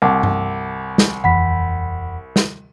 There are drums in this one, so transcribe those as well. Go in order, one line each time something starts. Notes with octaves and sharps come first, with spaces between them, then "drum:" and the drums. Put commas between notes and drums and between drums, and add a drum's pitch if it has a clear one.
C2 F#5 A5 D6
drum: tom G2
drum: snare
D#1 F2 E3 F#5 B5 B6
drum: snare